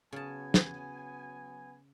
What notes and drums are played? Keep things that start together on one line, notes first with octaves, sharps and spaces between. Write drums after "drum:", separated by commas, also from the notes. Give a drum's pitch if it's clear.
C#3 F#3 B3 G#5 A5
drum: snare